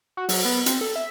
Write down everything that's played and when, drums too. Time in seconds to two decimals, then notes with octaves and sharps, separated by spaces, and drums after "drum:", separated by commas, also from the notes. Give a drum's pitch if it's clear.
0.17 F#4
0.29 F#3, drum: open hi-hat
0.45 B3
0.66 C4, drum: hi-hat
0.81 A4
0.96 E5